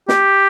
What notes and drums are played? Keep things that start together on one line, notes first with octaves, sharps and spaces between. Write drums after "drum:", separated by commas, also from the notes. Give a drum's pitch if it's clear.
G4, drum: snare